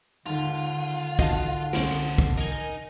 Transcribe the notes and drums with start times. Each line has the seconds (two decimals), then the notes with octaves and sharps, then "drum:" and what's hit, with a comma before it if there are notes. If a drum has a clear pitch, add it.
0.26 D#2 G#2 D3 F4
1.19 D#3 F#4 D#5 F5 A5 C7, drum: kick
1.73 C2 B2 C#4 C5 D7, drum: snare
1.91 drum: rim click
2.18 drum: kick
2.37 D#4 A#4 G#5